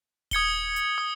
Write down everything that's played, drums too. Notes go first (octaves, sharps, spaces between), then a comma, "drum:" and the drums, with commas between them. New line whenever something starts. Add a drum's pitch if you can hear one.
D#6 G#6 C#7 G7, drum: kick D#1, hi-hat
drum: hi-hat
D#6